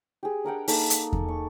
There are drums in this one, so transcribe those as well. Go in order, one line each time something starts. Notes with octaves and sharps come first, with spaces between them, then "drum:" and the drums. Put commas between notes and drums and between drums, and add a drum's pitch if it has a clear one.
G4 G#4
D4 A#4 F#5 G5
A#3 D#4 G#4 A4, drum: open hi-hat
drum: hi-hat
drum: kick E2
C#6